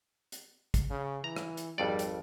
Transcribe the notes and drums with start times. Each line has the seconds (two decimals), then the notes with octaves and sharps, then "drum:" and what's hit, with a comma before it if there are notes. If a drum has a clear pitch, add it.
0.32 drum: hi-hat
0.74 drum: kick, hi-hat
0.90 C#3
1.24 E3 A#5
1.36 drum: rim click
1.57 drum: hi-hat
1.78 G#1 F2 G3 D5
1.99 drum: hi-hat